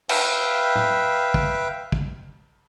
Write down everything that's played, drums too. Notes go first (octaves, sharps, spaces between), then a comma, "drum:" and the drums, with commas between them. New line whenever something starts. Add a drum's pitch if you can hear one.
B4 E5 F5 G5, drum: cymbal
drum: tom A2
drum: kick
drum: kick